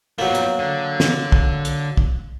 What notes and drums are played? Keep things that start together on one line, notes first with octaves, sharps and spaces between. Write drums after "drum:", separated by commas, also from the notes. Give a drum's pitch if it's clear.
F3 F#3 A#3 B3
drum: hi-hat
D3
drum: snare
drum: kick
drum: hi-hat
drum: kick